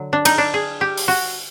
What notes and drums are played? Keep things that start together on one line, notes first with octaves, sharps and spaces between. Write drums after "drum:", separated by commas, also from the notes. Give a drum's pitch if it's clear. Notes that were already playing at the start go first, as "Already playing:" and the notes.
Already playing: D3 F#3
D4
D#4, drum: cymbal
D4
G#4
G4
drum: open hi-hat
F#4